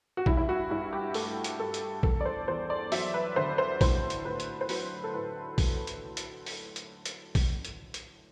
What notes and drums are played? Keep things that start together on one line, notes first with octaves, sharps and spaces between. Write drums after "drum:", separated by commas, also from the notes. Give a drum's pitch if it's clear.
F#4
G2 E4, drum: kick
E4
F#4
G2 E4
G4
A3 A4, drum: open hi-hat
drum: hi-hat
G2 A4
drum: hi-hat
E2 A4, drum: kick
D5
C5
E2 C5
D5
F#3 E5, drum: open hi-hat
B4
D3 C5
C5
A2 C5, drum: kick, open hi-hat
drum: hi-hat
A2 B4
drum: hi-hat
C5
F#3 B4, drum: open hi-hat
A4
A2 B4
drum: kick, open hi-hat
drum: hi-hat
drum: hi-hat
drum: open hi-hat
drum: hi-hat
drum: hi-hat
drum: kick, open hi-hat
drum: hi-hat
drum: hi-hat